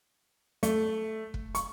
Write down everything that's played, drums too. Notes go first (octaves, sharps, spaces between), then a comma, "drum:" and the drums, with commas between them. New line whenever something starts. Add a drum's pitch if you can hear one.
A3, drum: hi-hat
drum: kick
C#6, drum: hi-hat